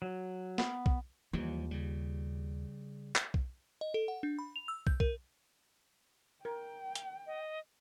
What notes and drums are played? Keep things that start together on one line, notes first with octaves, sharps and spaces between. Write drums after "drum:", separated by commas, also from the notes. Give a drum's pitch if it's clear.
F#3
B3, drum: snare
drum: kick
D#2 E3 F3 G3 F4
C#3 G3
drum: clap
drum: kick
D#5
A4
F#5
D4
B5
F7
E6
G6, drum: kick
A#4, drum: kick
A#4 G5
drum: hi-hat
D#5